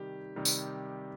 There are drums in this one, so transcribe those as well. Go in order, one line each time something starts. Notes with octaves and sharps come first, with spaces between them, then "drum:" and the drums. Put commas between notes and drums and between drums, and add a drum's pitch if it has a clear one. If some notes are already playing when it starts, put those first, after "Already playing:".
Already playing: C3 D#3 G3 G4
C3 D#3 G3
drum: tambourine